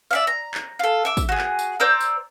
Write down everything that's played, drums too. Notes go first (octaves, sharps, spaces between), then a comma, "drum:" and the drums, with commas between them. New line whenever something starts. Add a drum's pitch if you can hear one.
D5 E5 F5
A#5
drum: clap
F4 A4
E5 D6
drum: kick, tambourine
F#4 G#4
drum: clap
drum: tambourine
C5 D5 A#5 E6
drum: tambourine